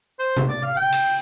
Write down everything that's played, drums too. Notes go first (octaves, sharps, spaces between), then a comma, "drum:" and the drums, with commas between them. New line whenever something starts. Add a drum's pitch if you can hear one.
C5
drum: tom C3
D5
F5
G5
drum: cymbal